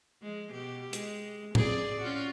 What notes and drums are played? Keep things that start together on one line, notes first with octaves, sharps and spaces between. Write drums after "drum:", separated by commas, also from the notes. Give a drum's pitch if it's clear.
F3 G#3
B2 G4
G#3, drum: hi-hat
C4 G#4 D5, drum: tom A2
C#4 F4 F#4